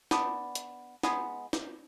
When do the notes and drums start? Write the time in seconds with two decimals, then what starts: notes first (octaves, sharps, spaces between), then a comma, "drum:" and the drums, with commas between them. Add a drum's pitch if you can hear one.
0.11 B3 D4, drum: snare
0.55 drum: hi-hat
1.03 G#3 B3, drum: snare
1.53 drum: snare